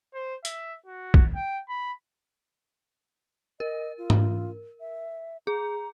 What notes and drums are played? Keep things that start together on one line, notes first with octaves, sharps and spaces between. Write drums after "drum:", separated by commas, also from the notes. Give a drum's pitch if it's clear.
C5
E5, drum: hi-hat
F#4
drum: kick
G5
B5
A#4 D#5
F4
drum: tom G#2
E5
G#4 A#5